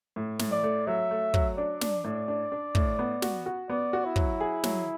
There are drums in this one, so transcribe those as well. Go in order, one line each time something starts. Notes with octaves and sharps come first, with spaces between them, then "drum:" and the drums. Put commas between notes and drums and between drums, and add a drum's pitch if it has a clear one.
A2
A2, drum: snare
D5
A3
F#3 E5
A3
F#3, drum: kick
D4 D5
D4, drum: snare
A2
D4
D4
A2, drum: kick
B3
F#4, drum: snare
F#4
B3 D5
F#4
E4
F#3, drum: kick
G#4
F#3, drum: snare